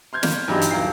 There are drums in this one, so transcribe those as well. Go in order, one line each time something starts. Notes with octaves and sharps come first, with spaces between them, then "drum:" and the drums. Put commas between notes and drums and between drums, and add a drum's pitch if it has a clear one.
C6 F6 G6 G#6
drum: snare
G2 E3 F#3 G3 D#4 G4
drum: hi-hat
D#1 F#3 F5 G5 C7